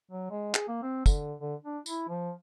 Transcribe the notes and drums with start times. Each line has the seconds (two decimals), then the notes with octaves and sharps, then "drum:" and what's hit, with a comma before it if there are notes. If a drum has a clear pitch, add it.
0.11 F#3
0.30 G#3
0.54 G#4, drum: clap
0.68 A#3
0.82 C4
1.06 D3, drum: kick, tambourine
1.40 D3
1.64 D4
1.86 E4, drum: tambourine
2.09 F3